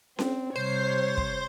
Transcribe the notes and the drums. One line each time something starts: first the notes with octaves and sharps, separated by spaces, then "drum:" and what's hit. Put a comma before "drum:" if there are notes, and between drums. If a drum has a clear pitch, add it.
C4, drum: snare C#4
C3 G3 C5 C#5
drum: kick